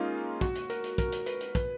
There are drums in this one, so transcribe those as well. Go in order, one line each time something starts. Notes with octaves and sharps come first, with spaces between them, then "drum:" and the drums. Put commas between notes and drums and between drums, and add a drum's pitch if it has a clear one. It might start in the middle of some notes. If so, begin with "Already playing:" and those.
Already playing: G#3 A#3 C#4 D#4 F4
F#4, drum: kick, hi-hat
drum: hi-hat
A#4, drum: hi-hat
drum: hi-hat
A#4, drum: kick, hi-hat
drum: hi-hat
B4, drum: hi-hat
drum: hi-hat
B4, drum: kick, hi-hat